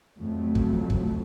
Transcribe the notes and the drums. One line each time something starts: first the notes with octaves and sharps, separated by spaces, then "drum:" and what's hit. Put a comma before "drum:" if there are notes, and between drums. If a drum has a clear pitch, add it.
F2 C#3 F#3 A3
drum: kick
drum: kick